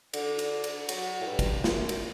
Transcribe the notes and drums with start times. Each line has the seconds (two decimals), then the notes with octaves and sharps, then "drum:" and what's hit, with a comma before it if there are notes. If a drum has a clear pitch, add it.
0.14 D3, drum: cymbal
0.39 drum: cymbal
0.64 drum: cymbal
0.89 F#3, drum: cymbal
1.21 A2
1.26 G2
1.39 drum: kick, cymbal
1.64 F#2, drum: snare
1.89 drum: cymbal